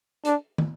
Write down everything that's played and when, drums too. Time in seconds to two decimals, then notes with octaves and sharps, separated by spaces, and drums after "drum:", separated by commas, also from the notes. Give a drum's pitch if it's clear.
0.25 D4, drum: hi-hat
0.58 drum: tom